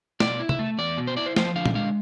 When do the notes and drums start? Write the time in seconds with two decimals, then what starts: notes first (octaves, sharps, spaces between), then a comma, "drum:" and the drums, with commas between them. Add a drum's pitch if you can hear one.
0.20 B2 D5, drum: snare
0.40 E4
0.49 E5, drum: tom
0.59 A3
0.78 E2 D5
0.98 B2
1.07 C5
1.17 E4 D5
1.26 C5
1.36 F3 C5, drum: snare
1.56 D3 F5
1.66 drum: tom
1.75 G#3 F5